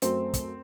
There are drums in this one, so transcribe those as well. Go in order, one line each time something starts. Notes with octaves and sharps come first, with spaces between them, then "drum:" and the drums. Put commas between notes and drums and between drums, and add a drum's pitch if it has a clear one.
F#2 F#3 A3 C4, drum: hi-hat
drum: kick, hi-hat